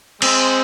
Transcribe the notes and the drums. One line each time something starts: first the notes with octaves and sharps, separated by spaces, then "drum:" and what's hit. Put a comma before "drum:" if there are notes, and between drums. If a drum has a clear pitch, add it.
G#3 C4, drum: cymbal